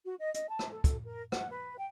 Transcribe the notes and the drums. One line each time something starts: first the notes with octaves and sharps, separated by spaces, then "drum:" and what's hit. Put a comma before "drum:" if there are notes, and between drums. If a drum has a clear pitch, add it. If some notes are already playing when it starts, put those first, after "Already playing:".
F#4
D#5
D#5, drum: hi-hat
A5
drum: rim click
A4
drum: kick, hi-hat
A#4
F#5, drum: rim click
B4
G5